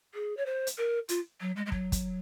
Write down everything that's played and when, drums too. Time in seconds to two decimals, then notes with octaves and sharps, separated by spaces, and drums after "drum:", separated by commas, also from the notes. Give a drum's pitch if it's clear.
0.14 G#4
0.37 C#5
0.46 C5
0.67 drum: hi-hat
0.77 A#4
1.09 F4, drum: hi-hat
1.40 F#3
1.56 G#3
1.66 G#3
1.72 F#3, drum: kick
1.92 drum: kick, hi-hat